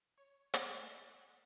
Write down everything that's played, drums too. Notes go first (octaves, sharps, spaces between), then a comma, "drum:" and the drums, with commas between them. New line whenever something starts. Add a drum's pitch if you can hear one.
C#5
drum: hi-hat
A3
F#5